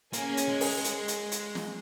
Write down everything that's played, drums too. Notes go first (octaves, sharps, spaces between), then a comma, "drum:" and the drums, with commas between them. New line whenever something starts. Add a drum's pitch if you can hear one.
A#3 C#4 G#4 C#5 G#5, drum: hi-hat
drum: hi-hat
G#3
drum: open hi-hat
drum: hi-hat
drum: hi-hat
drum: hi-hat
drum: snare